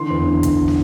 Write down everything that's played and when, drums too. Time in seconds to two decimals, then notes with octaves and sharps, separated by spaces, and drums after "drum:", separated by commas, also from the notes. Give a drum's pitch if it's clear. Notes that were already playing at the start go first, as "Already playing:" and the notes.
Already playing: D3 E3 C6
0.10 E2
0.27 D3
0.43 drum: kick, hi-hat
0.68 drum: snare